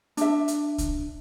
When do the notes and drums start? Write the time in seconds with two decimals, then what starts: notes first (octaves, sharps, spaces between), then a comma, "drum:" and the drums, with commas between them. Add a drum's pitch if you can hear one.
0.17 D4 E5, drum: hi-hat
0.48 drum: hi-hat
0.78 drum: kick C2, hi-hat